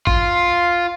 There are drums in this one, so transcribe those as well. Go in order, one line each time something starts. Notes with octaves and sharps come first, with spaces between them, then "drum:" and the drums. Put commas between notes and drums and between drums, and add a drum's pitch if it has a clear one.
F4, drum: kick G#1